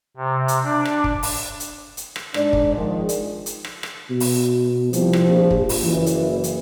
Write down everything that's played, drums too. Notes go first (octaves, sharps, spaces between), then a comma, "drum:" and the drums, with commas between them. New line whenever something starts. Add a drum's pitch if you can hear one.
C3
drum: hi-hat
D4
drum: rim click
drum: kick
drum: open hi-hat
drum: hi-hat
drum: hi-hat
drum: rim click
G#2 D4 D5, drum: rim click
drum: kick
D#3 F3 G#3
drum: hi-hat
drum: hi-hat
drum: rim click
drum: rim click
B2
drum: open hi-hat
C2 F3 G4, drum: hi-hat
drum: rim click
A#1
drum: kick
drum: open hi-hat
F#1 E3
drum: hi-hat
drum: hi-hat